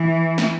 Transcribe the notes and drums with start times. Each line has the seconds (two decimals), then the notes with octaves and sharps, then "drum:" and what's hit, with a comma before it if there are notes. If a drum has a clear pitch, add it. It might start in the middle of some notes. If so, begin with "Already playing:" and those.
Already playing: E3
0.38 drum: snare